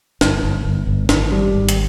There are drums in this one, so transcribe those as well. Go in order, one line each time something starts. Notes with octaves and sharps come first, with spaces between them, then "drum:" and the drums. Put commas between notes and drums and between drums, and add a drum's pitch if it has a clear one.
G1, drum: snare
G1
G1
G1
G#1, drum: snare
G3
G#1
drum: hi-hat